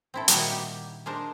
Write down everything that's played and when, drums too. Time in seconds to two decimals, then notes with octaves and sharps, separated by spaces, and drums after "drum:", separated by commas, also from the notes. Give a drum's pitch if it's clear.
0.14 C4 E4 A4
0.28 A#2 D#3 G3 D#4 E4 F#4, drum: hi-hat
0.51 G4
1.06 G#3 D4 A#4 C5 A5